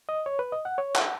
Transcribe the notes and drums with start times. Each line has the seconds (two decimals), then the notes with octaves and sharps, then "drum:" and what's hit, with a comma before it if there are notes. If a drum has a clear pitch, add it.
0.09 D#5
0.26 C#5
0.39 B4
0.52 D#5
0.65 F#5
0.78 C#5
0.95 F#5, drum: clap